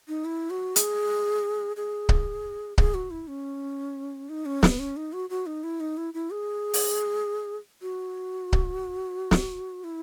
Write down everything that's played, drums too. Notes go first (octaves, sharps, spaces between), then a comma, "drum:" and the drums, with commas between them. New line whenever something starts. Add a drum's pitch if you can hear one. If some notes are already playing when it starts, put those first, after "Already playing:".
D#4
E4
F#4
G#4, drum: hi-hat
G#4
drum: kick C#1
G#4, drum: kick C#1
F#4
E4
C#4
D#4
C#4
B3, drum: snare
C#4
D#4
F#4
F#4
D#4
E4
D#4
E4
E4
G#4
drum: open hi-hat
F#4
drum: kick C#1
drum: snare
E4